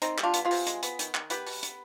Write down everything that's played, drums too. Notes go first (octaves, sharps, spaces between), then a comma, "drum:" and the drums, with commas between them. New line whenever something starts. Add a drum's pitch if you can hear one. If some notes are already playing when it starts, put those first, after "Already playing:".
D#3 C4 D#4, drum: hi-hat
G3, drum: clap
D4 F4
B3, drum: hi-hat
F4 G#4
C3, drum: open hi-hat
G#3, drum: hi-hat
B3, drum: hi-hat
D#3, drum: hi-hat
D#3, drum: clap
B3 G4 B4, drum: hi-hat
B2, drum: open hi-hat
B3, drum: hi-hat